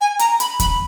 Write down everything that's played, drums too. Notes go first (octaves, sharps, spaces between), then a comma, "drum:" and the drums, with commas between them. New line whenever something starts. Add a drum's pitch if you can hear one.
G#5
A#5, drum: hi-hat
B5, drum: hi-hat
B5, drum: kick D#2, hi-hat